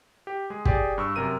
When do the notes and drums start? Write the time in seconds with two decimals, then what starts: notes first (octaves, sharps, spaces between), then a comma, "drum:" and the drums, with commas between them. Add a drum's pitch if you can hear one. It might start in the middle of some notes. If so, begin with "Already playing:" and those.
0.27 G4
0.50 G#3 G#4
0.65 G4 G#4 D5, drum: kick
0.98 G2 C#6 E6
1.16 F#2 C3 A#4 D#7